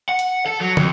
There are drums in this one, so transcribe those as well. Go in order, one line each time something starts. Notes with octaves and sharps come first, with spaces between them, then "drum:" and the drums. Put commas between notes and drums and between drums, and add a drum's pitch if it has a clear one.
F#5
drum: hi-hat
A4
F#3
F2, drum: tom